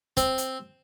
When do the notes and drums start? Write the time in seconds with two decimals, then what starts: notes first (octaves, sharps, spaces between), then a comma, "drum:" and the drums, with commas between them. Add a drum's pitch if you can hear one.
0.17 C4, drum: kick, hi-hat
0.38 drum: hi-hat